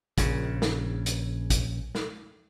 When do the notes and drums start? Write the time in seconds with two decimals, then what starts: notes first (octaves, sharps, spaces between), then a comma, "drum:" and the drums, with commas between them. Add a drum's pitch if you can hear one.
0.18 A#1 C#3, drum: kick, hi-hat
0.62 drum: snare
1.06 drum: hi-hat
1.50 drum: kick, hi-hat
1.95 drum: snare